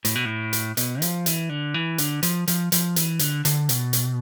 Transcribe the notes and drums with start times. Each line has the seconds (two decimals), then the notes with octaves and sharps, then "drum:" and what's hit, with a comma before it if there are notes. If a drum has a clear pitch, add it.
0.05 A2, drum: hi-hat
0.15 B2
0.25 A2
0.53 drum: hi-hat
0.77 B2, drum: hi-hat
1.02 F3, drum: hi-hat
1.26 E3, drum: hi-hat
1.49 D3
1.74 E3
1.98 D3, drum: hi-hat
2.23 F3, drum: hi-hat
2.48 F3, drum: hi-hat
2.72 F3, drum: hi-hat
2.96 E3, drum: hi-hat
3.19 D3, drum: hi-hat
3.45 D3, drum: hi-hat
3.69 B2, drum: hi-hat
3.93 drum: hi-hat